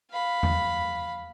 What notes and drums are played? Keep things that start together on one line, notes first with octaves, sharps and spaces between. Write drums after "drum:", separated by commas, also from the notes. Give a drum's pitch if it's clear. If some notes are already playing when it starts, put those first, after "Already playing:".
F5 B5
drum: tom E2